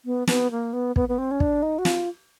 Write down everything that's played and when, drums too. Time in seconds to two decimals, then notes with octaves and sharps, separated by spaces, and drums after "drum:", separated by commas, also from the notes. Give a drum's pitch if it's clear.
0.05 B3
0.27 B3, drum: snare
0.51 A#3
0.73 B3
0.96 B3, drum: kick
1.09 B3
1.18 C4
1.31 C#4
1.40 D4, drum: kick
1.62 D#4
1.78 F#4
1.85 F4, drum: snare